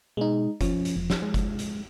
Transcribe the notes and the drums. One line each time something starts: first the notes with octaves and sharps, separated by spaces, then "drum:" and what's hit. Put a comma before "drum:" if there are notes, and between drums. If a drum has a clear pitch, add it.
B2 G#3 D#4
F3 C#4, drum: kick F#1, hi-hat
drum: hi-hat
E1
drum: snare
G#3
drum: kick F#1, hi-hat
drum: hi-hat